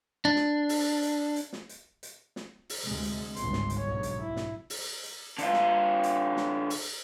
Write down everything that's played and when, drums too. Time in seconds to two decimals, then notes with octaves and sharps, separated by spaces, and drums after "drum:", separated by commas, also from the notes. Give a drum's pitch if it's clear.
0.25 D4
0.36 drum: snare
0.69 drum: open hi-hat
1.03 drum: hi-hat
1.36 drum: hi-hat
1.53 drum: snare
1.69 drum: hi-hat
2.03 drum: hi-hat
2.36 drum: snare
2.70 drum: open hi-hat
2.84 D2 C3 G#3
3.03 drum: hi-hat
3.36 G1 C#2 G#2 C6, drum: hi-hat
3.53 drum: snare
3.70 drum: hi-hat
3.80 B1 G#2 D3 C#5
4.03 drum: hi-hat
4.20 E4
4.36 drum: snare
4.70 drum: open hi-hat
5.03 drum: hi-hat
5.38 D3 F4, drum: hi-hat
5.53 drum: snare
6.03 drum: hi-hat
6.37 drum: snare
6.70 drum: open hi-hat